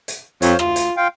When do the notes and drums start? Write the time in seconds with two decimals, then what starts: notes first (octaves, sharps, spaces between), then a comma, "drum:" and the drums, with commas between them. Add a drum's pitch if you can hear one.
0.08 drum: hi-hat
0.42 F2 F4 C5 C#5, drum: hi-hat
0.59 D2 F4, drum: rim click
0.76 drum: hi-hat
0.97 F4 F5 G5